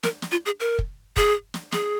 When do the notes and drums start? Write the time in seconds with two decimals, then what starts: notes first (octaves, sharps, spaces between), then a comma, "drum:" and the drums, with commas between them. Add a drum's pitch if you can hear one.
0.03 A#4, drum: snare
0.22 drum: snare
0.31 F4
0.46 G#4
0.60 A#4
0.79 drum: kick
1.17 G#4, drum: kick
1.54 drum: snare
1.72 G#4, drum: snare